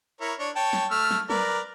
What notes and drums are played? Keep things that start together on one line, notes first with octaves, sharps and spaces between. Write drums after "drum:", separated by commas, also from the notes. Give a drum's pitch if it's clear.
E4 A#4 C#5
D4 C#5
C#5 G5 A5
drum: snare
A3 E6 F6
drum: snare
A#4 B4 D5, drum: tom F#3